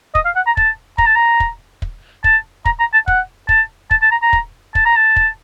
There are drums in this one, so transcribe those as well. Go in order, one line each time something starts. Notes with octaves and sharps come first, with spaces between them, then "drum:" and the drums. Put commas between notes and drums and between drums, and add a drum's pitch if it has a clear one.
D#5, drum: kick
F5
F#5
A#5
A5, drum: kick
A#5, drum: kick
A5
A#5
drum: kick
drum: kick
A5, drum: kick
A#5, drum: kick
A#5
A5
F#5, drum: kick
A5, drum: kick
A5, drum: kick
A5
A#5
A#5
drum: kick
A5, drum: kick
A#5
A5
drum: kick